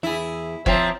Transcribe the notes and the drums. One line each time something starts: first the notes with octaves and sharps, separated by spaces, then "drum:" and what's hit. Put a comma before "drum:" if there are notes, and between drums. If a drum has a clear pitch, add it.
E2 E4 G#4
F3 C4 C#5 E5 A#5, drum: kick F#1